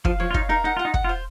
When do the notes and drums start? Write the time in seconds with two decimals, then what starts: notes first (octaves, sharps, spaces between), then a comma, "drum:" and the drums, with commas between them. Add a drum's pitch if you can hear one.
0.05 F3 F5, drum: kick
0.20 F3 C#5
0.31 F4
0.34 D#4 F5, drum: kick
0.49 D#4 A#4
0.64 D#4 F#5
0.77 F4 F#5
0.85 D#4
0.94 F#5, drum: kick
1.04 F4
1.09 C5